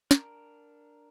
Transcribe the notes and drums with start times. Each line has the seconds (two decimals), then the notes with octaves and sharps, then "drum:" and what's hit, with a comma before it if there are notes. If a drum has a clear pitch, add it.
0.11 D4 A#4, drum: snare